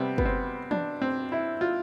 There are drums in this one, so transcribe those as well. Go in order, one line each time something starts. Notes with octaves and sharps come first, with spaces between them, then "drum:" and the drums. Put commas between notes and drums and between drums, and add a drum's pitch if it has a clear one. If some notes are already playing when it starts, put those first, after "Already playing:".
Already playing: C3 G3 B3 C4
B3, drum: kick
C4
D4, drum: tom E3
C4
E4
F4